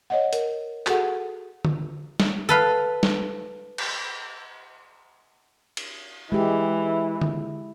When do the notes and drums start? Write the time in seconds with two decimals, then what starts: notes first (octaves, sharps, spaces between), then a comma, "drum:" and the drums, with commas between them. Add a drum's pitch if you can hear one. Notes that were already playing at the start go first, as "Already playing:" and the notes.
0.10 C#5 D#5 F#5
0.33 A#4, drum: hi-hat
0.87 F#4 G#4 A4 F#5, drum: clap
1.65 drum: tom D3
2.20 drum: snare
2.49 A4 B4 F5
3.03 drum: snare
3.78 drum: cymbal
5.77 drum: cymbal
6.32 E3 G#3 G4
7.21 drum: tom D3